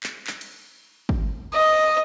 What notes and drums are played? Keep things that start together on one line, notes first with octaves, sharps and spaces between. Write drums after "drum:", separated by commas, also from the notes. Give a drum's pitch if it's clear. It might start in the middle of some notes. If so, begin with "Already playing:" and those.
drum: clap
drum: clap
drum: cymbal
drum: kick
D#5